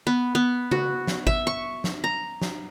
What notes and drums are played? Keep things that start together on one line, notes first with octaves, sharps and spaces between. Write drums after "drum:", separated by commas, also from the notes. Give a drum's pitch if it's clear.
B3
B3
F#4, drum: tom C#3
drum: snare
E5, drum: kick G#1
C#6
drum: snare
A#5
drum: snare